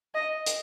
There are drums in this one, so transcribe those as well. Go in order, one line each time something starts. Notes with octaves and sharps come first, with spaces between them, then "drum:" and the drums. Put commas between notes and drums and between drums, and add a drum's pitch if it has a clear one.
D#5
drum: hi-hat